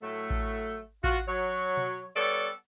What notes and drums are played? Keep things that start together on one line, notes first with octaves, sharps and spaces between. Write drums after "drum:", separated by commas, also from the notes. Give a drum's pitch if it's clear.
A2 F#3 A3
drum: kick A1
F4 F#4, drum: kick A1
F#3 C#5
drum: tom B2
G3 B3 A4 C#5 D5